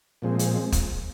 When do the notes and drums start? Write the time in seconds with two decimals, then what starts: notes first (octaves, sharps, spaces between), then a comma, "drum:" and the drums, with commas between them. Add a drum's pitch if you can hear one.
0.22 A#2 F3 G#3 C4
0.39 drum: hi-hat
0.72 drum: kick, hi-hat